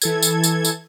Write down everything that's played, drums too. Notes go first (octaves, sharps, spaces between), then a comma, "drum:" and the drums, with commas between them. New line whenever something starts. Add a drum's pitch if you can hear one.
E3 A4 G#6, drum: tambourine
drum: tambourine
drum: tambourine
drum: tambourine